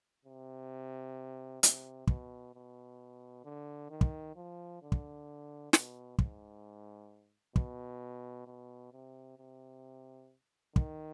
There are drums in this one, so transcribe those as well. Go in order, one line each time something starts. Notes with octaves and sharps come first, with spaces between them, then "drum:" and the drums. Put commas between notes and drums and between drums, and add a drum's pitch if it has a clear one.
C3
C3, drum: hi-hat
B2, drum: kick
B2
D3
D#3
drum: kick
F3
D3
drum: kick
B2, drum: snare
G#2, drum: kick
B2, drum: kick
B2
C3
C3
D#3, drum: kick